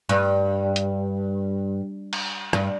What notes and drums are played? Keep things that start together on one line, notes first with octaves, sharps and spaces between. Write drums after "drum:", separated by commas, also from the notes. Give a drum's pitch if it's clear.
G2
drum: hi-hat
drum: cymbal
G2, drum: rim click